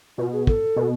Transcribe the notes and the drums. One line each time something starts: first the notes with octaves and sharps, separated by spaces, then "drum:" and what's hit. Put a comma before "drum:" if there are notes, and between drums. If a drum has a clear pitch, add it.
B2 F4
G#4
A4, drum: kick
B2